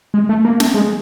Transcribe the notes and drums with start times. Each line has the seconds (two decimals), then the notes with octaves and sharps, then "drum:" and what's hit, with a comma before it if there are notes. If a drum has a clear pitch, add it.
0.14 G#3
0.29 A3
0.45 A#3
0.60 A3, drum: snare
0.74 G#3